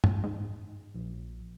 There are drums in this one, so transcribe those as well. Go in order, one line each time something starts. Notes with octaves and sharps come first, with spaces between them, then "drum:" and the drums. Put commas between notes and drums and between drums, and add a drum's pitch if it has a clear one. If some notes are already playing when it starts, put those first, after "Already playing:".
drum: tom
G#2
A#1